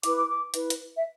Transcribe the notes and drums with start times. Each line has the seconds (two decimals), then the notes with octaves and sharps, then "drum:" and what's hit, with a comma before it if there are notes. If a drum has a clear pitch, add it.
0.03 E4 B4 D6, drum: hi-hat
0.17 D6
0.29 D6
0.54 E4 B4, drum: hi-hat
0.70 drum: hi-hat
0.97 E5